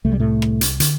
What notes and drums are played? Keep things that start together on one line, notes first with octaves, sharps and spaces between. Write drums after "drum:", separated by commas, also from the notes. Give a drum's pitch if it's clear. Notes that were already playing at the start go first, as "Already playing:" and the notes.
C2 C3 A3
G3
A2 A3
drum: rim click
drum: hi-hat
D3, drum: hi-hat